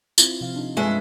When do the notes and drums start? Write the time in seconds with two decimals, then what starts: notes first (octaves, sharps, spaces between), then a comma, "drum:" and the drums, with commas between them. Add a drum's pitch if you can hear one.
0.18 C4 E4 F4, drum: tambourine
0.41 C3 F3 F5
0.56 D4 D#4
0.77 G2 G#3 F4 G#4 B4 E5